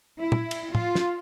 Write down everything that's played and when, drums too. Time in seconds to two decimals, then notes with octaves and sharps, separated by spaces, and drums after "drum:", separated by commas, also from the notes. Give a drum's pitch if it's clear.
0.21 E4
0.32 drum: tom
0.51 drum: cymbal
0.75 F4, drum: tom A2
0.95 drum: snare